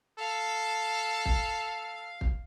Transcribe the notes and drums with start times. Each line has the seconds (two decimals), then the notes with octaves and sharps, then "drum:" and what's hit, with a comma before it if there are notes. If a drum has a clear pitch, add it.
0.19 A4 F5
1.26 drum: kick
2.21 drum: kick